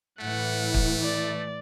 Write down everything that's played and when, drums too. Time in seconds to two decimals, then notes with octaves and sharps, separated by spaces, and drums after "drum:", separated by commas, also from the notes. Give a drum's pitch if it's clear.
0.20 A2 E3 A3 F#5
0.74 drum: kick
1.02 D5